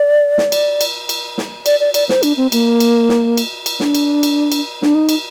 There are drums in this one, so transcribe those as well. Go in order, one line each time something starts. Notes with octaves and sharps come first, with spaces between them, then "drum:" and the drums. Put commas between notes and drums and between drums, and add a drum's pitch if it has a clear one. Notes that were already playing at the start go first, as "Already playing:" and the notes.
Already playing: D5
drum: snare
drum: cymbal
drum: cymbal
drum: cymbal
drum: snare
D5, drum: cymbal
D5
D5, drum: cymbal
C5, drum: snare
D4, drum: cymbal
C4
A#3, drum: cymbal
drum: cymbal
drum: snare
drum: cymbal
drum: cymbal
D4, drum: snare
drum: cymbal
drum: cymbal
drum: cymbal
D4, drum: snare
D#4
drum: cymbal